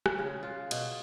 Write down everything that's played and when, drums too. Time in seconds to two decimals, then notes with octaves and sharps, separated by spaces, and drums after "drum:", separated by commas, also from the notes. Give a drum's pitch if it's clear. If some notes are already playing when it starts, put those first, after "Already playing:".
0.06 drum: rim click
0.18 C#3
0.43 F4
0.71 B2, drum: cymbal